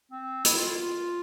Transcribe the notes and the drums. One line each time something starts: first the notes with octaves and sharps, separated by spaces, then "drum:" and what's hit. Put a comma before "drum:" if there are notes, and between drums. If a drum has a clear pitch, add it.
C4
E4, drum: hi-hat
F4
F4